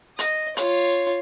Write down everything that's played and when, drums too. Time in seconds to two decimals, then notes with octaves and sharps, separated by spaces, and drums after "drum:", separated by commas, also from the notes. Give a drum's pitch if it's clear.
0.19 D#5, drum: hi-hat
0.57 F4 C#5, drum: hi-hat